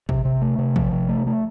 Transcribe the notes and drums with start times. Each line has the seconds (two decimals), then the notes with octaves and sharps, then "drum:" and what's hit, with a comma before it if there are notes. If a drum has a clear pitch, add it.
0.09 C3, drum: kick
0.25 C3
0.42 A3
0.58 C3
0.76 F3, drum: kick
0.92 C3
1.09 A3
1.27 A3